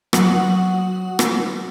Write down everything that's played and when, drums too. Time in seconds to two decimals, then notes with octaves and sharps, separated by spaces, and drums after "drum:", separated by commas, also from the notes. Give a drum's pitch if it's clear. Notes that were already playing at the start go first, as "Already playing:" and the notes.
0.13 F#3 F#4 F#5 D#6 F#7, drum: rim click
1.19 drum: rim click